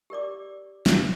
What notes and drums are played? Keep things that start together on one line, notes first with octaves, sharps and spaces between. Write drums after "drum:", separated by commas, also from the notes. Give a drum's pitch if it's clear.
G4 A#4 D5 D6
drum: snare